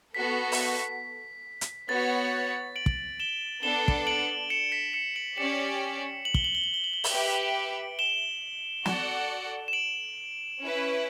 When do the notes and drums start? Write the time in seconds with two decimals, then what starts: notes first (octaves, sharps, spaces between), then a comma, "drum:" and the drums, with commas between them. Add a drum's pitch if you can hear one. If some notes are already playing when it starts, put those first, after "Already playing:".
0.14 B3 F#4 A4 B6
0.52 drum: open hi-hat
1.61 drum: hi-hat
1.89 B3 F#4 C#5 F#5 A6
2.76 D7 F#7
2.86 drum: kick
3.20 E7 G7
3.63 B3 D4 A4 E7 G7
3.88 drum: kick
4.07 D7 F#7
4.50 C#7 E7
4.72 B6 D7
4.93 C#7 E7
5.16 D7 F#7
5.37 C#4 G4 D5 C#7 E7
6.25 F#7
6.34 G7, drum: kick
6.44 F#7
6.55 G7
6.64 F#7
6.74 G7
6.84 F#7
6.94 G7
7.04 F#7, drum: open hi-hat
7.12 G4 B4 E5 G7
7.23 F#7
7.33 G7
7.43 D7 F#7
7.99 E7 G7
8.85 F#4 A4 D5 F#5, drum: snare
9.68 E7
9.73 D7 F#7
10.60 C#4 E4 B4